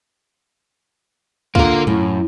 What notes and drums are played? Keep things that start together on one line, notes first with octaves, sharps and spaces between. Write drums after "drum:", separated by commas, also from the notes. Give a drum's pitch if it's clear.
D3 A#3 F4 A#4, drum: kick C#2
F#2 A2, drum: tom G#2